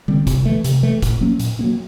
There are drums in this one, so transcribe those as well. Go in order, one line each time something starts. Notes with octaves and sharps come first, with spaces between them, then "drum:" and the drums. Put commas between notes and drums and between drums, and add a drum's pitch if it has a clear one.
D3 G3 C4
C3, drum: kick F1, hi-hat
E3 A3
C3, drum: hi-hat
E3 A3
A#2, drum: kick F1, hi-hat
F#3 A#3 C#4
A#2, drum: hi-hat
F#3 A#3 C#4